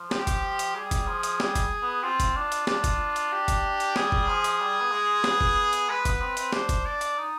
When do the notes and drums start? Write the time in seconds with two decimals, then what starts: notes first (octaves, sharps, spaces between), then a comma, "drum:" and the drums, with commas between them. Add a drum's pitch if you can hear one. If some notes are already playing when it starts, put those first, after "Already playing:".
Already playing: F3
0.11 G4, drum: snare
0.27 drum: kick F#1, hi-hat
0.59 drum: hi-hat
0.75 G3 G#4
0.91 drum: kick F#1, hi-hat
1.08 F3
1.23 drum: hi-hat
1.40 G3, drum: snare
1.55 drum: kick F#1, hi-hat
1.83 B3
2.03 C4 F4
2.20 drum: kick F#1, hi-hat
2.36 D4
2.52 drum: hi-hat
2.67 D4, drum: snare
2.84 drum: kick F#1, hi-hat
3.16 drum: hi-hat
3.32 G4
3.48 drum: kick F#1, hi-hat
3.80 drum: hi-hat
3.96 G3 G#4, drum: snare
4.12 drum: kick F#1
4.28 F3
4.44 drum: hi-hat
4.61 G3
4.81 B3
4.92 G#3
5.24 B3, drum: snare
5.41 drum: kick F#1
5.73 drum: hi-hat
5.89 G#3 B4
6.05 B3, drum: kick F#1, hi-hat
6.21 C4
6.37 C4, drum: hi-hat
6.53 D4 C5, drum: snare
6.69 drum: kick F#1, hi-hat
6.85 D5
7.01 drum: hi-hat
7.17 D#4